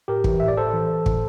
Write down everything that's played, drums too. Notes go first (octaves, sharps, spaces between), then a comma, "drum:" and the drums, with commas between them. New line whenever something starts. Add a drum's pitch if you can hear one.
A2 G4 A#4
E3, drum: kick
A2 E5
D5
A2 A4 C5
E3
E3
A2, drum: kick